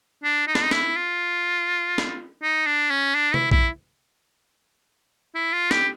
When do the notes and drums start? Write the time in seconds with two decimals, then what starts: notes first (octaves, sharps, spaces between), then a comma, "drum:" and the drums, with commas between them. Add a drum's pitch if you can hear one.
0.24 D4
0.47 D#4
0.55 D4, drum: snare
0.63 D#4
0.71 E4, drum: snare
0.96 F4
1.98 drum: snare
2.43 D#4
2.66 D4
2.90 C#4
3.15 D4
3.34 E4, drum: tom C3
3.51 E4, drum: kick A#1
5.35 E4
5.53 F4
5.71 G4, drum: snare